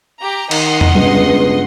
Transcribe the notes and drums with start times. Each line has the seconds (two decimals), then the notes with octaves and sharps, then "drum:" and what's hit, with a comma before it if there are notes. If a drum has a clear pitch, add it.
0.22 G4 A#5
0.51 D#3 D#5 F#5 C6, drum: cymbal
0.81 drum: tom E2
0.95 C#2 G2 B3